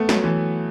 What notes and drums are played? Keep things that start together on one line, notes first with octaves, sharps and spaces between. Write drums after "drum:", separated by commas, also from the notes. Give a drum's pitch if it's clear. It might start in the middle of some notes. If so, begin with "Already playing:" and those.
Already playing: A3 B3
F#3, drum: snare
E3